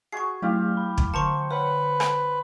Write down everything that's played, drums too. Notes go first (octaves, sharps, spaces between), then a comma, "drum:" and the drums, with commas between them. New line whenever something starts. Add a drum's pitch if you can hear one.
F#4 G#4 C#6 C7
F#3 A3 E4 G4 F5
B5
drum: kick
D3 C5 A5 A#5 C#6 C#7
B4 C#5 F#5
drum: rim click